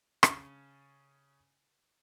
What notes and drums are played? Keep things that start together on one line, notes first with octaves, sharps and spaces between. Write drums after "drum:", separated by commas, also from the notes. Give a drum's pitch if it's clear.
C#3 C#4 A5, drum: rim click